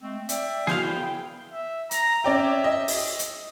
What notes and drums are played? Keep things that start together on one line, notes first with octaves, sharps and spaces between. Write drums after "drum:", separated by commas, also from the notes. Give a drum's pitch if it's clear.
G#3 A3 C4
D5 E5 G5, drum: hi-hat
E4 G#4 C5 F5, drum: snare
G5
C#3 B3
E5
A#5, drum: hi-hat
C#4 D5 E5 G5
D#5
drum: open hi-hat
drum: hi-hat